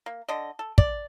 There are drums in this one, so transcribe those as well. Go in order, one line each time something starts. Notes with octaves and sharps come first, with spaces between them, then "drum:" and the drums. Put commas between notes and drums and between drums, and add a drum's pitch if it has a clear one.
A#3
D3 D#5
A4
D5, drum: kick